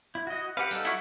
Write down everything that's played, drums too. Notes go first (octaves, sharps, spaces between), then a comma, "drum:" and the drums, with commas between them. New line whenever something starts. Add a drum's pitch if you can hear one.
E4
F#4 D#5
G4 B4 F5 F#5
G3 D#4 A4, drum: tambourine
E4 F#4